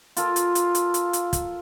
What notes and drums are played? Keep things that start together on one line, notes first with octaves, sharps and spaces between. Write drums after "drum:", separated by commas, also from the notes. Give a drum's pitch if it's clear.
F4 A4 A#4, drum: hi-hat
drum: hi-hat
drum: hi-hat
drum: hi-hat
drum: hi-hat
drum: hi-hat
drum: kick, hi-hat